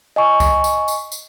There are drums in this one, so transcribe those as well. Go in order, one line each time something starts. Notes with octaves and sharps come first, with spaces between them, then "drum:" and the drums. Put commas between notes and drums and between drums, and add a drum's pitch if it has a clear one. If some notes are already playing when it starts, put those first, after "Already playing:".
D#5 G#5 C#6
drum: kick C2, tambourine
drum: tambourine
drum: tambourine
drum: tambourine